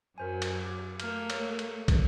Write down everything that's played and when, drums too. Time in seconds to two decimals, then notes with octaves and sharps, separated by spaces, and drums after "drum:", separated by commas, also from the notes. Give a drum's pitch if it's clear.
0.18 F#2 F#3 A#4 C5 G#5
0.42 drum: cymbal
0.65 D6 G#6
1.00 A3 A#3 F6, drum: cymbal
1.30 A4 C#5, drum: cymbal
1.59 drum: cymbal
1.88 drum: kick, cymbal